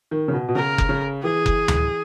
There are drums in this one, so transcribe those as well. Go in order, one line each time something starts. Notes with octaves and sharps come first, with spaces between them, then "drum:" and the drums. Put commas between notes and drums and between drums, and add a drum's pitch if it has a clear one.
D#3
C#3
B2
B2
C#3 A#4
drum: kick F#1
C#3
E3 G#4
drum: kick F#1
drum: tom D2